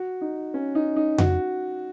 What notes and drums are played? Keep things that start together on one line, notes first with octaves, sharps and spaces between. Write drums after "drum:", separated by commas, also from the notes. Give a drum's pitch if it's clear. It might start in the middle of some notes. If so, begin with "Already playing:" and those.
Already playing: F#4
D#4
C#4
D#4
D#4
F#4, drum: tom F2